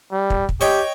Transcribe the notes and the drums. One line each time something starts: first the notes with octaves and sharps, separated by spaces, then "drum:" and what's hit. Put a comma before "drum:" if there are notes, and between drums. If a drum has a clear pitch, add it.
G3
drum: kick
drum: kick
G4 C#5 D#5 G5